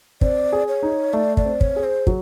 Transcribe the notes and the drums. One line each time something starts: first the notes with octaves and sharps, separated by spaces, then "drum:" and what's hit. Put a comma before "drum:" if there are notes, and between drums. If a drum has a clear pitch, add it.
C4 D5, drum: kick
G#4
C#5
D#4
A3 D5
D5, drum: kick
C4
C#5, drum: kick
G#4
C5
F#3, drum: kick